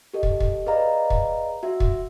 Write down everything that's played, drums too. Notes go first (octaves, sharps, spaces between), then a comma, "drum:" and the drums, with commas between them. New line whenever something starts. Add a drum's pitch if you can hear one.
G4 A4 D#5
drum: kick
drum: kick
G#4 B4 D5 D#5 F5 A#5
drum: kick
F#4 E5
drum: kick